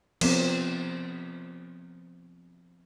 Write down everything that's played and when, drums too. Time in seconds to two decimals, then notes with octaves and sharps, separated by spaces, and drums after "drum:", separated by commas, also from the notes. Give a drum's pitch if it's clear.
0.21 F3 B3 C4, drum: cymbal